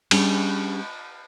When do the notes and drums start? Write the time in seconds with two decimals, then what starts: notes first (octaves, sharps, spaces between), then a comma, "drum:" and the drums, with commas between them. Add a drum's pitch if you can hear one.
0.11 G3 C#4 D4 G#4, drum: cymbal